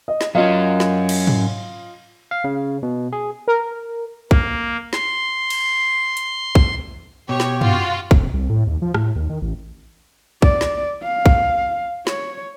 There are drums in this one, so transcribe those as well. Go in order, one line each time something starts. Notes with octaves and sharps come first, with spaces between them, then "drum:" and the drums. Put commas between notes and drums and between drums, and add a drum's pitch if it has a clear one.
D#5
drum: snare
F#3 C#4 F4 D#5 F5
drum: snare
drum: cymbal
drum: tom
F5
C#3
B2
G#4
A#4
A#3, drum: kick
C6, drum: snare
drum: cymbal
drum: hi-hat
drum: kick
B2 G4 C#5
drum: snare
F4 F#4, drum: tom
F1, drum: kick
C2
A2
D#2
F3
A2, drum: rim click
D#2
D#3
A1
D5, drum: kick
drum: snare
F5
drum: kick
C#5, drum: snare